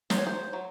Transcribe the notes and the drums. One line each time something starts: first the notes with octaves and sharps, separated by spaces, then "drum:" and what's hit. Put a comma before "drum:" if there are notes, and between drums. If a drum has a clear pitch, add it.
F#3 C5, drum: snare
C#5
C5
F#3